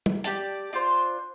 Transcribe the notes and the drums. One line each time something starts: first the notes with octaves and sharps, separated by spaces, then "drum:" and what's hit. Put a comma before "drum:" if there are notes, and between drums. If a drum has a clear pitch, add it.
drum: tom
G4 D5 A5, drum: hi-hat
D4 F4 C5